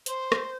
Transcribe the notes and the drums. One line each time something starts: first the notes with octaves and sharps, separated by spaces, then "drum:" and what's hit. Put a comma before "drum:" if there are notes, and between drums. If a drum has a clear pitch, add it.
C5, drum: hi-hat
drum: rim click